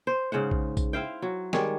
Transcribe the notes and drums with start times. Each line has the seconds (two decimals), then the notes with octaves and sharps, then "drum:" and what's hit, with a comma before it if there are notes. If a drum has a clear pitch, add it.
0.07 C5
0.32 G#2 C#3 C5 F#5
0.51 drum: kick A#1
0.77 drum: kick A#1, tambourine
0.93 E4 C5 F5 G5
1.22 F#3
1.53 D#3 G3 G#3 C#5, drum: snare